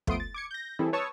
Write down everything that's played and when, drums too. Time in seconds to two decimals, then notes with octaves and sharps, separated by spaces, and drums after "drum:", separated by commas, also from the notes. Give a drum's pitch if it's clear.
0.07 F3 A3 B3 C6 D#6 D7, drum: kick
0.20 A6
0.34 D6 G#6 C#7
0.51 G6 A#6
0.79 E3 G3 C4 E4 G#4 A4
0.93 B4 C#5 A5 C#6 D#6 E6